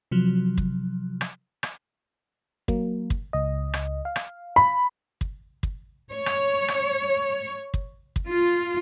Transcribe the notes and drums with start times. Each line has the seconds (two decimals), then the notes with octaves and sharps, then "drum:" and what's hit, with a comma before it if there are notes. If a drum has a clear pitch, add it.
0.11 C3 F3 F#3
0.58 drum: kick
1.21 drum: rim click
1.63 drum: rim click
2.68 F#3 A#3, drum: kick
3.10 drum: kick
3.33 C#2 D#5
3.73 drum: rim click
4.05 F5
4.16 drum: rim click
4.56 B5
5.21 drum: kick
5.63 drum: kick
6.14 C#5
6.26 drum: rim click
6.68 drum: rim click
7.74 drum: kick
8.16 drum: kick
8.28 F4